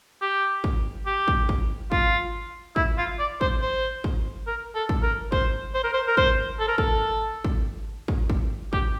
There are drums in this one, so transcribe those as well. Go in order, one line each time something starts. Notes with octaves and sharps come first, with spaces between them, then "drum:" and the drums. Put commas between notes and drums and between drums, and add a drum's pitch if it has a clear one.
G4
drum: kick
G4
drum: kick
drum: kick
F4, drum: kick
E4, drum: kick
F4
D5
C5, drum: kick
C5
drum: kick
A#4
A4
drum: kick
A#4
C5, drum: kick
C5
A#4
C5
A#4
C5, drum: kick
A4
A#4
A4, drum: kick
drum: kick
drum: kick
drum: kick
G4, drum: kick